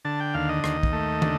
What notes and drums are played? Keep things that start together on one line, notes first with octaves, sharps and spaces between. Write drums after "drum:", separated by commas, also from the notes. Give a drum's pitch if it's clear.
D3 A5
G5
D#2 F5
D#5
D#2, drum: rim click
drum: kick
A3
D3, drum: tom